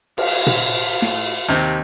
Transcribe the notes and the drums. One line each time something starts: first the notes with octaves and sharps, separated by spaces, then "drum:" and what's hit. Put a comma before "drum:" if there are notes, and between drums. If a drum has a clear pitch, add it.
F4 F5, drum: cymbal
drum: tom A#2
A2, drum: snare
D#2 C3 C4